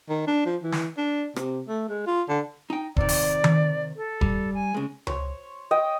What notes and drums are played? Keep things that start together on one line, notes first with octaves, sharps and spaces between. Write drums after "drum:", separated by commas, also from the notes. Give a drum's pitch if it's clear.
D#3
D4
F3
E3
drum: snare
D4
C3, drum: rim click
A3
G#3
F4
D3
D#4 G5
C3 D#3 D5, drum: kick E1
drum: open hi-hat
drum: tom D#3
A4
G3, drum: kick E1
G#5
C#3 G#3
C5 C#5, drum: tom C#2
D#5 G5